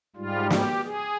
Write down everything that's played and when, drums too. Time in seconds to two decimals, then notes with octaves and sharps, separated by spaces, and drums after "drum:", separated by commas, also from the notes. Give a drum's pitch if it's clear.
0.16 G#2 G3 F4
0.50 G4, drum: snare
0.84 G#4